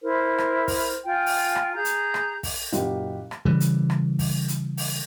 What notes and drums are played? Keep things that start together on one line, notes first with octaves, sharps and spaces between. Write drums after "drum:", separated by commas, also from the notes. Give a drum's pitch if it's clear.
E4 A#4 C5
drum: rim click
drum: kick, open hi-hat
F4 G5 G#5
drum: open hi-hat
drum: rim click
G#4 A#5 G6
drum: hi-hat
drum: rim click
drum: kick, open hi-hat
F#1 A#2 F#4 G4, drum: hi-hat
drum: rim click
C#3 E3 G3
drum: hi-hat
drum: rim click
drum: kick, open hi-hat
drum: hi-hat
drum: open hi-hat